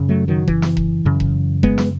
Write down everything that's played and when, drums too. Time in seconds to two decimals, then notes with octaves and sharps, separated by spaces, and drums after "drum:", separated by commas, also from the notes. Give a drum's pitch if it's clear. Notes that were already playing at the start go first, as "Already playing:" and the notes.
Already playing: F#2 C#3
0.09 F#3 A3
0.28 D#3 F#3
0.48 E3, drum: kick E1
0.62 drum: snare
0.77 drum: kick E1
1.05 F#2 C#3
1.20 drum: kick E1
1.63 G#3 B3, drum: kick E1
1.78 drum: snare